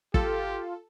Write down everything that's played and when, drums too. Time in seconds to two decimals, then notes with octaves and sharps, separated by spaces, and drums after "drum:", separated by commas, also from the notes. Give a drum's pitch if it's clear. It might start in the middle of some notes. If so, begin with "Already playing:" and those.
0.14 F4 G4 A4, drum: kick